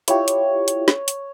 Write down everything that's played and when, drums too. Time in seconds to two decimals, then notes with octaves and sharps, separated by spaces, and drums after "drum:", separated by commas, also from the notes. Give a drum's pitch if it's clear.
0.08 E4 F4 G4 C#5, drum: hi-hat
0.28 drum: hi-hat
0.68 drum: hi-hat
0.88 drum: snare
1.08 drum: hi-hat